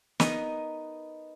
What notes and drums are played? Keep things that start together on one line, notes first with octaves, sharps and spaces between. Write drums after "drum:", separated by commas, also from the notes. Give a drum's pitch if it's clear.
B3 D#4 A#4 D#5, drum: snare